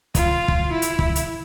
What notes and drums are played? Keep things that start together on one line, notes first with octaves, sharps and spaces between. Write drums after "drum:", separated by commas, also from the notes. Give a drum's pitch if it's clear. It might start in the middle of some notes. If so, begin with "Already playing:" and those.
F4, drum: kick, hi-hat
drum: kick
E4
drum: hi-hat
drum: kick
drum: hi-hat